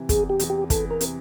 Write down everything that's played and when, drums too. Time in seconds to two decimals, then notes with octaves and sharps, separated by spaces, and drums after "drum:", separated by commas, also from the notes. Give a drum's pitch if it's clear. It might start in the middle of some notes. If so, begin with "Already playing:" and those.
Already playing: C3 E3
0.09 E2 G#4, drum: kick, hi-hat
0.30 G4
0.39 E2, drum: hi-hat
0.50 G4
0.70 E3 A4, drum: kick, hi-hat
0.91 A#4
1.01 C3, drum: hi-hat